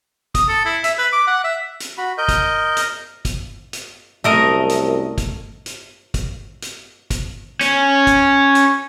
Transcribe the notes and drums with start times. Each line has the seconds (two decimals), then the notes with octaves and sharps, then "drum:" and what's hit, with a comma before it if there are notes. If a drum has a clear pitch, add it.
0.35 D#6, drum: kick, hi-hat
0.48 A4
0.65 E4
0.84 E5, drum: hi-hat
0.98 B4
1.12 D6
1.27 F#5
1.44 E5
1.80 drum: hi-hat
1.98 F#4 B5
2.18 A#4 D#5 G6
2.28 drum: kick, hi-hat
2.77 drum: hi-hat
3.25 drum: kick, hi-hat
3.73 drum: hi-hat
4.24 C2 F#2 A3 A#4 D#5
4.69 drum: hi-hat
5.18 drum: kick, hi-hat
5.66 drum: hi-hat
6.14 drum: kick, hi-hat
6.62 drum: hi-hat
7.10 drum: kick, hi-hat
7.61 C#4, drum: hi-hat
8.07 drum: kick, hi-hat
8.55 drum: hi-hat